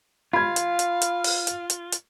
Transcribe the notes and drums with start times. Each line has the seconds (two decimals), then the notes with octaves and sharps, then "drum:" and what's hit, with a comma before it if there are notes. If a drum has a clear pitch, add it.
0.33 F4 F5 B5 G#6
0.56 drum: hi-hat
0.79 drum: hi-hat
1.02 drum: hi-hat
1.24 drum: open hi-hat
1.47 drum: hi-hat
1.70 drum: hi-hat
1.92 drum: hi-hat